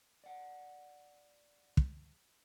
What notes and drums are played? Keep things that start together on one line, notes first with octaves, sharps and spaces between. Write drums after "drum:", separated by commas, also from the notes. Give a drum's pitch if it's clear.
D5 F#5
drum: kick